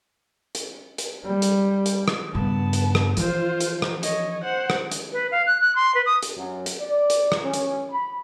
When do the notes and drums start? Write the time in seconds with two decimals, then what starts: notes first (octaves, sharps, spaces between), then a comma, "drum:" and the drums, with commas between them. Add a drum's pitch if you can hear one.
0.55 drum: hi-hat
0.98 drum: hi-hat
1.25 G3
1.42 drum: hi-hat
1.86 drum: hi-hat
2.08 drum: rim click
2.35 G2 C#3 B3 A5
2.73 drum: hi-hat
2.95 drum: rim click
3.17 E3 F3 F4 C5, drum: hi-hat
3.60 drum: hi-hat
3.82 drum: rim click
4.03 C#5 D#5, drum: hi-hat
4.44 C5 F#5
4.70 drum: rim click
4.91 drum: hi-hat
5.12 B4
5.32 F5
5.47 F#6
5.61 F#6
5.75 C6
5.95 B4
6.06 D#6
6.23 drum: hi-hat
6.37 F#2
6.66 drum: hi-hat
6.80 D5
7.10 drum: hi-hat
7.32 drum: rim click
7.44 C#4
7.54 drum: hi-hat
7.90 B5